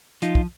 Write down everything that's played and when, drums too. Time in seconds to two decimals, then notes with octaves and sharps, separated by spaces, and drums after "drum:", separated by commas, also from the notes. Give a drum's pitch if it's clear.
0.22 F3 D#4 F4, drum: hi-hat
0.35 drum: kick